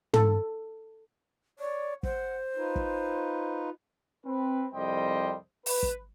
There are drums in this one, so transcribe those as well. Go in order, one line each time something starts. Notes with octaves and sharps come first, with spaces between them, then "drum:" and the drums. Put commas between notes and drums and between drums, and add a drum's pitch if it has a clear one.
A4, drum: tom
C#5 D5
C5 F#5, drum: kick
D#4 F4 B4
drum: kick
C4 B4
C2 F2 G3 C5 D#5 G5
B4, drum: open hi-hat
drum: kick